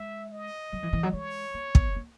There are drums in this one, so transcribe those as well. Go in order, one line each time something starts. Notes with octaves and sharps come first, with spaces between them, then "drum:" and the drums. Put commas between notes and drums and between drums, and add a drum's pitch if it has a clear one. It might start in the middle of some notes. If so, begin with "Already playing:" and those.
Already playing: G#3 E5
D#5
F#3
E3
E3
F#3
G#3 C#5
A#3
B3, drum: kick
A#3